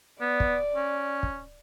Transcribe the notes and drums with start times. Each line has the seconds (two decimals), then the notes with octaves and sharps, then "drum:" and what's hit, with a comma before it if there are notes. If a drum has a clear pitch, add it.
0.21 B3 D5
0.40 drum: kick
0.76 C#4
1.23 drum: kick